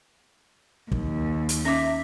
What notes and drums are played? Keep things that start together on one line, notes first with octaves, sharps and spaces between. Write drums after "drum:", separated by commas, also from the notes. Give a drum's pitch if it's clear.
D#2, drum: kick
drum: hi-hat
C#4 E5 D6